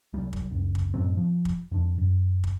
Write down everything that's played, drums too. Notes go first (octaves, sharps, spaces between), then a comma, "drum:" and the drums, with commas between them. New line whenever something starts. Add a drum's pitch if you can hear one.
C2 F#3 G3
drum: kick
F#1 C#2
drum: kick
F#2 A2 F#3 C4
F3
drum: kick
F2 D4
F#2
drum: kick